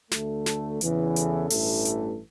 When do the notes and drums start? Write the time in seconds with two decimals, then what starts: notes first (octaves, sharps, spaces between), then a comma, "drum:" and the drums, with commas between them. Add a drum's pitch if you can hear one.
0.11 D2 D3 A3, drum: snare
0.46 A4, drum: snare
0.81 E2 C#3 E3, drum: hi-hat
1.16 A4, drum: hi-hat
1.50 A1 G2 E3 A3, drum: open hi-hat
1.85 drum: hi-hat